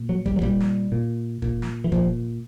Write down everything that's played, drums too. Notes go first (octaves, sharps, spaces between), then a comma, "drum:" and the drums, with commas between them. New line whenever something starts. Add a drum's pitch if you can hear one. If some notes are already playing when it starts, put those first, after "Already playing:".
Already playing: A#2
F#3
G3, drum: kick
F#3
A#2 G3, drum: kick
drum: snare
A#2
A#2, drum: kick
drum: snare
E3
A#2 F3, drum: kick